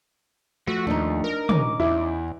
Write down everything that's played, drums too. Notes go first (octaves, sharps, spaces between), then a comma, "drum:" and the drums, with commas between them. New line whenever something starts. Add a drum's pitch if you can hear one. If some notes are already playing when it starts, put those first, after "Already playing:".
F3 A3 F#4
D#2 D4 D#4
A#4
C#4 D#4 D6, drum: tom
E2 E4